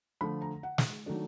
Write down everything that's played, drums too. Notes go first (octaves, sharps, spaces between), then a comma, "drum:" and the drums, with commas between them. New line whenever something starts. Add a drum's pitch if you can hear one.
D3 F3 A3 B5
A#5
F#5
drum: snare
D#3 F#3 A3 D4